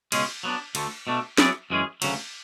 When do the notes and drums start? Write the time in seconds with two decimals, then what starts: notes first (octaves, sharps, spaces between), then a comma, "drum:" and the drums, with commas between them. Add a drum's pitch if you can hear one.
0.12 C#2 B2 G#3 C#4 G#4, drum: cymbal
0.43 F#3 B3 D4
0.75 D2 D3 A3, drum: cymbal
1.07 B2 A3 D4
1.38 F#3 B3 E4 G#4 D5, drum: snare
1.70 F#2 E3 G#3 C#4 G#4
2.02 D2 C#3 F#3, drum: cymbal